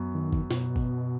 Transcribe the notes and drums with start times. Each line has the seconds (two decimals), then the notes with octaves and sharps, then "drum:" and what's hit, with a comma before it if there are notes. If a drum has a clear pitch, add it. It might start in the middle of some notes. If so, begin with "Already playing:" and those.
Already playing: F#2 B3
0.15 D#3
0.33 drum: kick G1
0.51 B2, drum: snare
0.76 drum: kick G1